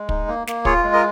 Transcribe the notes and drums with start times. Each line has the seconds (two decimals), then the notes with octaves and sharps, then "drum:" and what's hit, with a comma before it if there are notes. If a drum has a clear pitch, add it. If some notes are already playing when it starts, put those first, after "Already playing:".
Already playing: G#3
0.09 D#4, drum: kick
0.28 A#3
0.47 A#3, drum: snare
0.65 F4 G#4 C#5, drum: kick
0.84 G#3
0.93 A#4 D#5